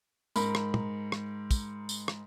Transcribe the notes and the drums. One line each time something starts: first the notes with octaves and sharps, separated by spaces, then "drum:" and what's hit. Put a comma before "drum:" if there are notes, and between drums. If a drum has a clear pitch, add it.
G#2 A#4 B5, drum: tambourine
drum: rim click
drum: tom
drum: rim click
drum: kick, tambourine
drum: tambourine
drum: rim click